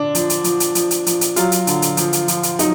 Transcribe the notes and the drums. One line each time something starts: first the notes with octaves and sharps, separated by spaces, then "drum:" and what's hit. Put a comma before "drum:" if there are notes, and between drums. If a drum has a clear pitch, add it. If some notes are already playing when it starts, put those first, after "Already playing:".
Already playing: D3 D4
F3, drum: hi-hat
drum: hi-hat
F3, drum: hi-hat
drum: hi-hat
F3, drum: hi-hat
drum: hi-hat
F3, drum: hi-hat
drum: hi-hat
F#3 F4, drum: hi-hat
drum: hi-hat
D3, drum: hi-hat
drum: hi-hat
F3, drum: hi-hat
drum: hi-hat
F3, drum: hi-hat
drum: hi-hat
F#3 D#4, drum: hi-hat